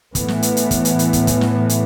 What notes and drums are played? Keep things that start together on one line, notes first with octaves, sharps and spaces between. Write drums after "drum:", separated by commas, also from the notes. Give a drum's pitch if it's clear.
A2 E3 B3, drum: kick, hi-hat
drum: snare
drum: hi-hat
drum: hi-hat
drum: kick, hi-hat
drum: hi-hat
drum: hi-hat
drum: kick, hi-hat
drum: kick, hi-hat
drum: snare
drum: hi-hat